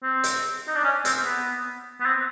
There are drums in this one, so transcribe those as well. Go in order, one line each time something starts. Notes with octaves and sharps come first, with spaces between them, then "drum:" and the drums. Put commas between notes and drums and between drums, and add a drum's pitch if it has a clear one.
C4
drum: hi-hat
D#4
D4
C#4
C4, drum: hi-hat
B3
B3
C4